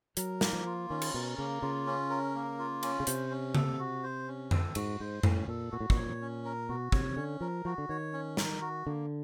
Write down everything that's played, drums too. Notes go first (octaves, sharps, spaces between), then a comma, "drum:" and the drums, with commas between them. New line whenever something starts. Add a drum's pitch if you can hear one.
F#3 A#4, drum: hi-hat
A#3, drum: snare
F3
F4
D#3 C#4
drum: cymbal
B2 A#4
C#3 A#3
C#3 F4
C#4
A#4
A#3
F4
C#4, drum: cymbal
C#3
C3 C5, drum: hi-hat
C#4
A4, drum: tom C#3
F#4
C5
C#4
A4, drum: tom F2
G#2 F#4, drum: cymbal
G#2 C5
A2 C#4, drum: tom F2
A#2 A4
A#2 F#4
A2
A#2, drum: kick
C#5
C#4
A#4
B2 F#4
C3 C#5, drum: kick
D3 C#4
F3 A#4
F3 F#4
D3
D#3 C#5
C#4
A#4, drum: snare
F#4
D3 A#3